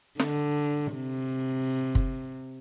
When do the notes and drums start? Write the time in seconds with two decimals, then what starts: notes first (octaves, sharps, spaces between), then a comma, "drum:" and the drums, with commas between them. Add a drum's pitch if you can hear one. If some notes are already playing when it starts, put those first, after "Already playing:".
0.19 D3, drum: snare
0.95 C3
1.95 drum: kick